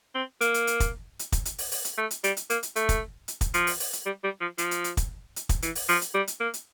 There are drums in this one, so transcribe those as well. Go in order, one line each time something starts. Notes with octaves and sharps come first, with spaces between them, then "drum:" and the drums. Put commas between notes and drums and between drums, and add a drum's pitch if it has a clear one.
C4
A#3, drum: hi-hat
drum: hi-hat
drum: hi-hat
drum: kick, hi-hat
drum: hi-hat
drum: kick, hi-hat
drum: hi-hat
drum: open hi-hat
drum: open hi-hat
drum: hi-hat
A3
drum: hi-hat
G3, drum: hi-hat
drum: hi-hat
A#3, drum: hi-hat
drum: hi-hat
A3, drum: hi-hat
drum: kick, hi-hat
drum: hi-hat
drum: kick, hi-hat
F3, drum: hi-hat
drum: open hi-hat
drum: open hi-hat
drum: hi-hat
G3
G3
F3
F3, drum: hi-hat
drum: hi-hat
drum: hi-hat
drum: kick, hi-hat
drum: hi-hat
drum: kick, hi-hat
E3, drum: hi-hat
drum: open hi-hat
F3, drum: open hi-hat
drum: hi-hat
G3
drum: hi-hat
A#3
drum: hi-hat